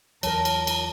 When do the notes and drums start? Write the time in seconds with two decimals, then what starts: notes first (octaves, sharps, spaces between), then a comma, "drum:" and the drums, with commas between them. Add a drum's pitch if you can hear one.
0.23 E2 F#3 A#4 C#5 A5, drum: cymbal
0.45 drum: cymbal
0.67 drum: cymbal